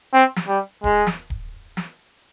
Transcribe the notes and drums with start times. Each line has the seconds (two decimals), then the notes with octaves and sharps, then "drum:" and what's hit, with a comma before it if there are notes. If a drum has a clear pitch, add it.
0.13 C4
0.36 drum: snare
0.48 G3
0.84 G#3, drum: kick D1
1.07 drum: snare
1.30 drum: kick D1
1.77 drum: snare